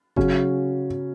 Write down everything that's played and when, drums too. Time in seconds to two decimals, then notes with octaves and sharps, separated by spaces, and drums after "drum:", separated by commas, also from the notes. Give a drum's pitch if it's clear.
0.16 C#3 F#3 C#4, drum: kick G1